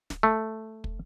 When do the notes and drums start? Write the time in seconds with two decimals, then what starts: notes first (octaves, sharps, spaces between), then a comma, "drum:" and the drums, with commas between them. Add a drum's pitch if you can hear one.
0.10 drum: snare
0.23 A3
0.84 drum: kick